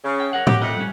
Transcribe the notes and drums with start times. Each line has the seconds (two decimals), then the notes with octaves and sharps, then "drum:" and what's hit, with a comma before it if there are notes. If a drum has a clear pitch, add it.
0.04 C#3
0.20 G5
0.33 A#4 C#5 F#5
0.47 G4, drum: tom A2
0.62 F2 A3 D#5 F#5
0.77 G3 C#4